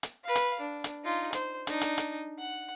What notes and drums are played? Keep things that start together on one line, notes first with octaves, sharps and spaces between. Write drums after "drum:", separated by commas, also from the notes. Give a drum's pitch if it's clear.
drum: hi-hat
B4 F5
drum: hi-hat
D4
drum: hi-hat
D#4 F4
C5, drum: hi-hat
D4 D#4, drum: hi-hat
drum: hi-hat
drum: hi-hat
F#5